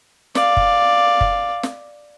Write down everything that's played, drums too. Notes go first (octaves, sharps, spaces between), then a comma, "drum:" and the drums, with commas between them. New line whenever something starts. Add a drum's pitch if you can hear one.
D5 F5, drum: snare
drum: kick
drum: kick
drum: snare